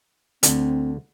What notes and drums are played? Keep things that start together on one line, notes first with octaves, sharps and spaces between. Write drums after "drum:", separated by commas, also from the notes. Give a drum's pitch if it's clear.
D2 D3 C4, drum: hi-hat